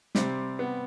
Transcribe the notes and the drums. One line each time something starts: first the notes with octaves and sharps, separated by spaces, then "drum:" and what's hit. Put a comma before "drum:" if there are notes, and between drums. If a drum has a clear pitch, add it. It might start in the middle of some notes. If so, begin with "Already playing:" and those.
C3 G3 C4, drum: snare
B3